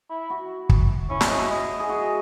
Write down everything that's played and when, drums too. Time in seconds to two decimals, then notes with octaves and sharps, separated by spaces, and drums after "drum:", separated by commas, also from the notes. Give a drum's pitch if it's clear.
0.10 E4
0.30 F#4
0.69 drum: kick
1.09 C#4 E4
1.21 F#4, drum: snare
1.29 G#3 E4
1.49 G#3
1.80 G#4
1.89 F#4